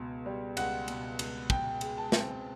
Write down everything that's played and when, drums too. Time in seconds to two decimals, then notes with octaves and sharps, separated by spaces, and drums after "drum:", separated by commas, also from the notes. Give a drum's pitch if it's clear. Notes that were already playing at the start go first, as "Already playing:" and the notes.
Already playing: C#2 B2
0.26 G3
0.57 C#2 F#5, drum: cymbal
0.88 B2, drum: cymbal
1.19 C#2, drum: cymbal
1.50 B2 G5, drum: kick
1.81 G#3, drum: cymbal
1.98 A5
2.12 C4, drum: snare